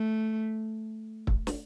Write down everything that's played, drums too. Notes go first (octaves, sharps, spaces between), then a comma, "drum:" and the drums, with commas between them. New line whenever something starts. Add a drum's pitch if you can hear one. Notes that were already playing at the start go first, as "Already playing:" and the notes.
Already playing: A3
drum: kick
drum: snare